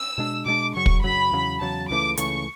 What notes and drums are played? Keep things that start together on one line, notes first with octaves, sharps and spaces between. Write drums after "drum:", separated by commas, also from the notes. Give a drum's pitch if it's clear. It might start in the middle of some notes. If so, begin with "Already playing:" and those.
Already playing: E6
B2 G#3 D4
B2 G#3 D4 D6
F#2 C#3 F#3 C#6
drum: kick
F#2 C#3 F#3 B5
E2 C#3 F#3
E2 C#3 F#3 A5
C#2 C#3 E3 A3 D6
C#2 C#3 E3 A3 C#6, drum: hi-hat